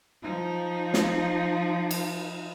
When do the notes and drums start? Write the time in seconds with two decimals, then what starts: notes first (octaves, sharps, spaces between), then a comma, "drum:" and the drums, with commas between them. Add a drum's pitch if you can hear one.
0.23 F3 D#4
0.94 drum: snare
1.91 drum: cymbal